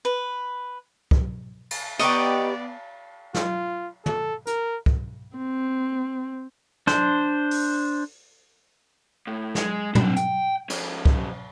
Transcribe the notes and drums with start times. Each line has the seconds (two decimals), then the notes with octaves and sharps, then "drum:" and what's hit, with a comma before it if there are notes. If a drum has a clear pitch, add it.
0.05 B4
1.11 drum: kick
1.71 drum: cymbal
1.99 B3 G4 B4 D5 D#5 A#5 C#6, drum: cymbal
3.34 F4, drum: snare
4.06 A4, drum: tom
4.47 A#4, drum: hi-hat
4.86 drum: kick
5.37 C4
6.87 D4 C5, drum: snare
7.51 drum: open hi-hat
9.27 A2
9.55 G#3, drum: snare
9.95 C4 D4, drum: tom
10.16 G5, drum: hi-hat
10.70 F3 C#4, drum: cymbal
11.05 drum: kick